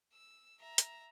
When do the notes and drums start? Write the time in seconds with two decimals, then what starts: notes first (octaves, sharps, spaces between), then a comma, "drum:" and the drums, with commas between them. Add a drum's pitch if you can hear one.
0.13 E6
0.60 E5 A#5
0.78 drum: hi-hat